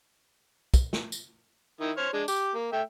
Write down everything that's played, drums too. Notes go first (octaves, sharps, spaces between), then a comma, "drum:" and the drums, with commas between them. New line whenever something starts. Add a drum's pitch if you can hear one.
drum: kick, tambourine
drum: snare
drum: tambourine
D#3 E4 D#6
C5 C#5 F6
G#3 D4
G4 D6, drum: tambourine
A#3
A3 E5 G5